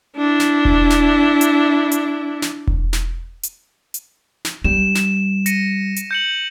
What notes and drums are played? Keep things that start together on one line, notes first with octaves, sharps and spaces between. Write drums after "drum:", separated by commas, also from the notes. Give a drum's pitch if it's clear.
D4 E4
drum: snare
drum: kick E1
drum: snare
drum: hi-hat
drum: hi-hat
drum: snare
drum: kick E1
drum: snare
drum: hi-hat
drum: hi-hat
drum: snare
G3 E7
drum: snare
A#6 C#7 D#7, drum: hi-hat
drum: hi-hat
G6 C#7 F#7